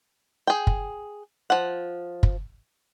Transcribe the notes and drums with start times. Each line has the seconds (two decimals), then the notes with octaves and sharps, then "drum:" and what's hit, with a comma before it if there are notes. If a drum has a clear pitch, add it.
0.47 G#4 G5
0.67 drum: kick
1.50 F3 F#5
2.23 drum: kick